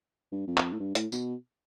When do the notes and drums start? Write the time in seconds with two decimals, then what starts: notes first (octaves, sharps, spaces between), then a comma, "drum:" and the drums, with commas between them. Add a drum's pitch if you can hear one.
0.32 G2
0.47 F2
0.57 drum: clap
0.73 A2
0.80 G2
0.95 A2, drum: hi-hat
1.12 B2, drum: tambourine